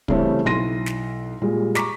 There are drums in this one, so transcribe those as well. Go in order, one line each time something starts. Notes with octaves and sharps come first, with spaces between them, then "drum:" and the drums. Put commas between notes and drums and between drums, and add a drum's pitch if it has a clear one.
C#3 E3 G3 A3 C4 C#4, drum: kick
B1 E4 C6 A#6 D#7
drum: snare
A#2 G3 G#3
A#5 C#6 D6 B6, drum: snare